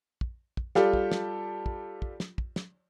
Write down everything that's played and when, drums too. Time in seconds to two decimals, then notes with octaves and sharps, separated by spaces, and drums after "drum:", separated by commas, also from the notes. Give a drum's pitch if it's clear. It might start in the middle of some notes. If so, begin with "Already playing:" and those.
0.21 drum: kick
0.57 drum: kick
0.75 G3 F4 G4 A4 D5, drum: snare
0.93 drum: kick
1.12 drum: snare
1.66 drum: kick
2.02 drum: kick
2.20 drum: snare
2.38 drum: kick
2.56 drum: snare